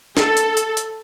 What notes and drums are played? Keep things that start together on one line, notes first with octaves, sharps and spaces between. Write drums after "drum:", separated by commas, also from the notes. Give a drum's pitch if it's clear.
A4, drum: snare
drum: hi-hat
drum: hi-hat
drum: hi-hat